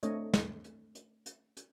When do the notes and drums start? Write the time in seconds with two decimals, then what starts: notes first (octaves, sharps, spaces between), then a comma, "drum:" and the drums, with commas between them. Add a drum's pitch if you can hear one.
0.03 A3 C4 D4 C#5 D#5, drum: hi-hat
0.34 drum: snare
0.64 drum: hi-hat
0.95 drum: hi-hat
1.26 drum: hi-hat
1.57 drum: hi-hat